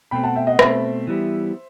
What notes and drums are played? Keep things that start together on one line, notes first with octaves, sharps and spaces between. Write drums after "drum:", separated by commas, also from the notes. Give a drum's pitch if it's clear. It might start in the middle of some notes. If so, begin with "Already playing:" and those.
B2 A3 C4 G5 B5
F#5 A5
E5 G5
D#5 F#5
B2 A3 C4 C5 E5, drum: rim click
E3 G3 B3